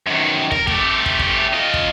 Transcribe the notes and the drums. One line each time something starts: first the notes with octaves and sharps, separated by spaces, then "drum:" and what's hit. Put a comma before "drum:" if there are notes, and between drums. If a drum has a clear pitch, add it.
F#2 D#3
A#4, drum: kick
A3 G4, drum: kick
drum: kick
drum: kick
F4 D#5
drum: kick